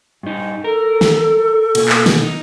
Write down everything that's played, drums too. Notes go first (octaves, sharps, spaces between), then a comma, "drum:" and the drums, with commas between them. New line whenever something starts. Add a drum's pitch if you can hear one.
G2 D#4
A4 A#4
drum: snare
B2 A#3, drum: cymbal
drum: clap
drum: snare
D#4